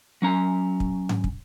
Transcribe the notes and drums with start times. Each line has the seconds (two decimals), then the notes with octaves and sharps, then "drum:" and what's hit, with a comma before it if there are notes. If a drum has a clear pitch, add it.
0.22 F#3 C#4 A#5
0.80 drum: kick
1.09 drum: tom G#2
1.24 drum: kick